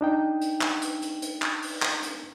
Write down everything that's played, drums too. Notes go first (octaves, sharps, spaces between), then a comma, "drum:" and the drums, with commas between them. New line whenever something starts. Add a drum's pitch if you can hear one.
D4 D#4 G5
drum: hi-hat
drum: clap
drum: hi-hat
drum: hi-hat
drum: hi-hat
drum: clap
drum: open hi-hat
drum: clap
drum: hi-hat